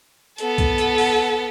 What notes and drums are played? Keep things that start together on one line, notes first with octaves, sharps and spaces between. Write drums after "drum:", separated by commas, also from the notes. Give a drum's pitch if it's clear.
B3 A4, drum: hi-hat
drum: kick C2, hi-hat
drum: hi-hat
drum: open hi-hat